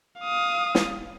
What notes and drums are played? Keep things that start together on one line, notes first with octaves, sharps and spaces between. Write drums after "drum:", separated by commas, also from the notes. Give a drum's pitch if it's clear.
F5 D#6
drum: snare